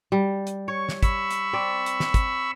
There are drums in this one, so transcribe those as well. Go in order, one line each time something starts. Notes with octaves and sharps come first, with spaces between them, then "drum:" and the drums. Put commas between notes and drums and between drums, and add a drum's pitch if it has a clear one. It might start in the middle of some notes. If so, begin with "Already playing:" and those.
G3
drum: hi-hat
C#5 C#6
drum: snare
B5 C#6 E6, drum: kick, hi-hat
drum: hi-hat
C4 D5
drum: hi-hat
drum: snare
drum: kick, hi-hat